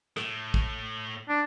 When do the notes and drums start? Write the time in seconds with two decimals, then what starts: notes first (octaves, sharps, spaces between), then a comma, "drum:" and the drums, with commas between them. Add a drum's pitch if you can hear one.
0.17 A2, drum: rim click
0.54 drum: kick
1.29 D4